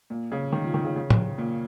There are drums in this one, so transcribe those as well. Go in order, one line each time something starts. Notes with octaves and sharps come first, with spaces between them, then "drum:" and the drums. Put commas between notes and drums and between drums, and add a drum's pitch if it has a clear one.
A#2
C#3
D#3
F3
D#3
C#3
C#3
drum: tom
A#2